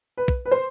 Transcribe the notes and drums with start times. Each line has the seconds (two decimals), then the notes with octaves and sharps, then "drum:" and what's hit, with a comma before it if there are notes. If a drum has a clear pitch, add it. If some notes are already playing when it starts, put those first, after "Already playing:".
0.17 B4
0.28 drum: kick
0.46 B4
0.51 C5